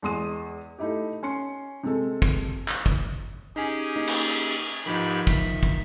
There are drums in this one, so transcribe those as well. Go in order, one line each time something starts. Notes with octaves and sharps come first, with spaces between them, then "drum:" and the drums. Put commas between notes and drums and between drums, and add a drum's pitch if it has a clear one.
E2 G#3 C6 D#6 D#7
A3 D#4 E4 G4
C#4 C6 C#7
C3 G#3 A4
drum: kick
drum: clap
drum: kick
C#4 D#4 G4 G#4 G#5
A#3 D#4
drum: cymbal
G#2 D#3 F3 D#4 G4 B5
E5, drum: kick
drum: kick